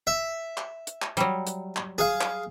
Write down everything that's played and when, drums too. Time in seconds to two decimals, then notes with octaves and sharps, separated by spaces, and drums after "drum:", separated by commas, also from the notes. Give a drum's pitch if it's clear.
0.07 E5
0.57 drum: clap
0.87 drum: hi-hat
1.02 drum: clap
1.17 F#3 G3, drum: hi-hat
1.47 drum: hi-hat
1.76 drum: clap
1.98 G#4 F5
2.21 drum: clap